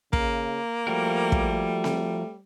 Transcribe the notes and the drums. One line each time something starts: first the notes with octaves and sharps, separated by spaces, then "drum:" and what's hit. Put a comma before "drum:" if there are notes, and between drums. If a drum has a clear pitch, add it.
C#3 A#3, drum: kick
F3 G3 A3 F#4 A#4
drum: kick
drum: snare C4